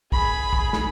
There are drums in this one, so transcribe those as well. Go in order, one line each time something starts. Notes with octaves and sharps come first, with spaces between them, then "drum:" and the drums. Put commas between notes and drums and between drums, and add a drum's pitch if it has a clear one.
G#4 B5, drum: kick A#1
drum: kick A#1
drum: snare